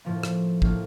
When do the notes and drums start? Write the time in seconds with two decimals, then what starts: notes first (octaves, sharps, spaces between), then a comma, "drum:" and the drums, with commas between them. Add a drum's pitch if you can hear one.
0.05 A2 F3 A#3
0.23 drum: rim click
0.62 A2 F3 A#3, drum: kick